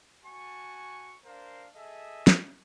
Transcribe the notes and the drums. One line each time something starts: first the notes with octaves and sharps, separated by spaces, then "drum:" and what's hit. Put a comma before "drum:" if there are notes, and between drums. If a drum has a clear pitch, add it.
F#4 G#5 A5 C#6
D4 A#4 C5 F5
G#4 A4 D#5 E5
drum: snare